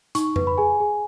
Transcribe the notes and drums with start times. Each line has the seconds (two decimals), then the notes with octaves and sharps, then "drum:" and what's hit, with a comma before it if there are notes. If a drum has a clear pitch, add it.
0.15 D#4 C#6, drum: hi-hat
0.36 B4, drum: tom F2
0.47 B5
0.58 G#4 G#5
0.80 G#4